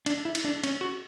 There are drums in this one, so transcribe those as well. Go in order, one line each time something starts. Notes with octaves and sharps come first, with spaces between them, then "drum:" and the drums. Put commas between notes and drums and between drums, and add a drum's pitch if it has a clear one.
D4, drum: cymbal
E4
drum: cymbal
D4
C#4, drum: cymbal
F#4